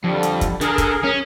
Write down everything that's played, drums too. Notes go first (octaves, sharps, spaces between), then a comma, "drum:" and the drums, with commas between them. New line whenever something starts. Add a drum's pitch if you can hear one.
F2 D3 G3
drum: hi-hat
drum: kick, hi-hat
D3 G#4 A#4, drum: hi-hat
drum: kick, hi-hat
C#4